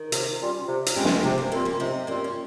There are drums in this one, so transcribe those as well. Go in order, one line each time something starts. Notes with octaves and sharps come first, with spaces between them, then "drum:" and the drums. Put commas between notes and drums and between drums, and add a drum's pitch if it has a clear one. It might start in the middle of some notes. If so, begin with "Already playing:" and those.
Already playing: D#3
C3, drum: hi-hat
G3 C#4 F4
C3
drum: hi-hat
G3 G#3 C4 C#4 F4
drum: snare
C3 G#3 C4
A#3 C#4
G3 A#3 C4 C#4 F4
A#3 C#4
C3 C4 D#4
G3 A#3 C4 C#4 F4
C#4